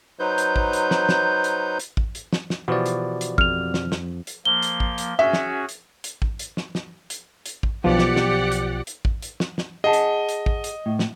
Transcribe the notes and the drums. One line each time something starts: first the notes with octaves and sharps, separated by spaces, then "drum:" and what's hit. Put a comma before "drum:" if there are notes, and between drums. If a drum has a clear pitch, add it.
F#3 D#4 B4 C5 G6
drum: hi-hat
drum: kick A1
drum: hi-hat
drum: snare
drum: snare
drum: hi-hat
drum: hi-hat
drum: kick A1
drum: hi-hat
drum: snare
drum: snare
B2 E3 F3 F#4 G4 D5
drum: hi-hat
drum: hi-hat
F2 F6 F7, drum: kick A1
drum: snare
drum: snare
drum: hi-hat
F3 A#3 G7
drum: hi-hat
drum: kick A1
drum: hi-hat
C#4 F#4 G#4 E5
drum: snare
drum: hi-hat
drum: hi-hat
drum: kick A1
drum: hi-hat
drum: snare
drum: snare
drum: hi-hat
drum: hi-hat
drum: kick A1
B1 B2 F3 G4 D5 F#5
drum: snare
drum: snare
drum: hi-hat
drum: hi-hat
drum: kick A1
drum: hi-hat
drum: snare
drum: snare
G#4 D#5 F#5 A5
drum: hi-hat
drum: hi-hat
drum: kick A1
drum: hi-hat
A2
drum: snare